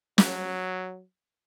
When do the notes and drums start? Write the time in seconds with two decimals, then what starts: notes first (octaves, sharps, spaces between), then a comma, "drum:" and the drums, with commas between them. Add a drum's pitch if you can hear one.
0.18 F#3, drum: snare